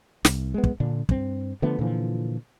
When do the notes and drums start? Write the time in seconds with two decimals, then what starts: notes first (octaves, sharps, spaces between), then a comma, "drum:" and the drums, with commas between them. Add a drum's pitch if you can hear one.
0.25 C2, drum: snare
0.54 G#3 B3
0.64 drum: kick
0.80 A#2 D3 D4
1.09 G2 C4, drum: kick
1.62 D3 F3 A3 B3
1.79 A#2 D3 E3 F3